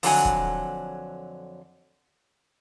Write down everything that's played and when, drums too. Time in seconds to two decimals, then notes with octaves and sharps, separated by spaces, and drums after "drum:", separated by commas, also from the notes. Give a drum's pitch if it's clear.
0.03 F2 D3 F#3 G#5, drum: open hi-hat
0.25 drum: kick